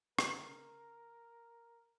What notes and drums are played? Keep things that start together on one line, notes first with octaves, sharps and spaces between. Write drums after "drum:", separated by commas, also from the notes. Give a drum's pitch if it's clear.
C#3 A#4, drum: rim click